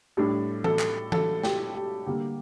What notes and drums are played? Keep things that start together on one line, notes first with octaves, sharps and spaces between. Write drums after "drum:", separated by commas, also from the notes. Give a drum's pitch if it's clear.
A2 G3 D4 A4
A4, drum: tom E3
drum: clap
A4, drum: tom E3
G4, drum: snare
G4
D3 G3 A#3 G4